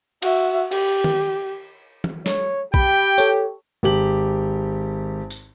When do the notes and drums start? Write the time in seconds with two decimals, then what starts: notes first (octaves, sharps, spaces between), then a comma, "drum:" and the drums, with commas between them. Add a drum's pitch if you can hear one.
0.22 F#4 E5, drum: cymbal
0.71 G4, drum: cymbal
1.04 drum: tom D#3
2.04 drum: tom E3
2.26 C#5, drum: snare
2.74 G4 G5 B5, drum: kick
3.18 A4 C#5, drum: tambourine
3.83 G#1 G4 F#7
5.30 drum: tambourine